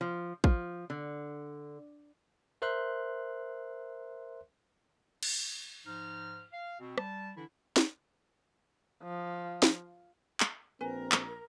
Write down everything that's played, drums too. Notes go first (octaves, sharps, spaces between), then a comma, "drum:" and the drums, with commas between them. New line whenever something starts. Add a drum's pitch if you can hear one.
F3
F3, drum: kick
D3
A#4 C5 E5 C6 F#6
drum: cymbal
G#2 F3 D#4 F6
F5
B2 C4
G3 A5, drum: rim click
D3 E3 D4 E4
drum: snare
F3
drum: snare
drum: clap
A#1 C4 A#4 B4 G#5
drum: clap